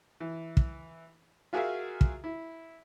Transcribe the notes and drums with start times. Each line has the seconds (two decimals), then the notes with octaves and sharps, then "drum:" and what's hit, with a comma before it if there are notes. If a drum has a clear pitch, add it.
0.20 E3
0.57 drum: kick
1.53 F4 F#4 G#4 A#4 E5 F5
2.01 drum: kick
2.24 E4